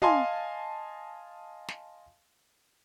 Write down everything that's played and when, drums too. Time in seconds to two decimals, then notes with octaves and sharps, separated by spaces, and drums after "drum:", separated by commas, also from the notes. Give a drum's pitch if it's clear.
0.02 D#5 F5 G#5 A5 C6, drum: tom
1.68 drum: snare